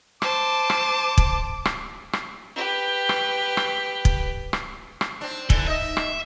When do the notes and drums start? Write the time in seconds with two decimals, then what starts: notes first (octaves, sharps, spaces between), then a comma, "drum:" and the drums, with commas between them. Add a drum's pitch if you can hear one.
0.22 C5 A5 D6, drum: rim click
0.70 drum: rim click
1.18 drum: kick
1.65 drum: rim click
2.13 drum: rim click
2.55 G4 B4
3.09 drum: rim click
3.57 drum: rim click
4.05 drum: kick
4.53 drum: rim click
5.01 drum: rim click
5.21 C4 D4
5.50 D3 E3, drum: kick
5.67 D#4 D#5 E5
5.97 drum: rim click